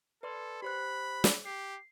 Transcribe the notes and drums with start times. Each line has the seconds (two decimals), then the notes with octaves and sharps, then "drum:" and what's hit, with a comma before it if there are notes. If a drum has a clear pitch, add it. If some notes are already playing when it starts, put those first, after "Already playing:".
0.23 A4 B4 D5 C6
0.62 G4 C5 B5 F#6
1.24 drum: snare
1.45 G4 C7